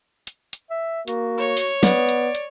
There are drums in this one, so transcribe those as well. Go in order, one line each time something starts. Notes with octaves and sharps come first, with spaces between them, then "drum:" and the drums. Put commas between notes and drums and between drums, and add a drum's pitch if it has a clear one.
drum: hi-hat
drum: hi-hat
E5
A#3 F#4, drum: hi-hat
C#5
drum: open hi-hat
B3 D5, drum: snare
drum: hi-hat
drum: hi-hat